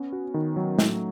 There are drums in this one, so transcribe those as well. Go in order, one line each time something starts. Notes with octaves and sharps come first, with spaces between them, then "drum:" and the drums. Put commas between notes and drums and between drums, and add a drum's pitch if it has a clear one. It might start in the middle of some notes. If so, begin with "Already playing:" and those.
Already playing: B3 C#4
F#4
D#3
F#3
A3, drum: snare